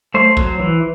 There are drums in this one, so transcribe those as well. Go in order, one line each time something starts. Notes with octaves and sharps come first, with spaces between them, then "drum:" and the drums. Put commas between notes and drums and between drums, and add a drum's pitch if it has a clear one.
A3 C5
F#3, drum: kick A1
E3